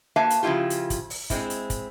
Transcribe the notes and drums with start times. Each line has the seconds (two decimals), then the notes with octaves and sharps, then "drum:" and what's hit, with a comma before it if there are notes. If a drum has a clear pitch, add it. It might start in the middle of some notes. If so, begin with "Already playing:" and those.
0.16 A#3 F#4 B4 E5 F5 A5
0.30 drum: hi-hat
0.43 C#3 F3 B3 E4 F4 G4
0.70 drum: hi-hat
0.90 drum: kick, hi-hat
1.10 drum: open hi-hat
1.30 G#3 C4 E4, drum: kick, hi-hat
1.50 drum: hi-hat
1.70 drum: kick, hi-hat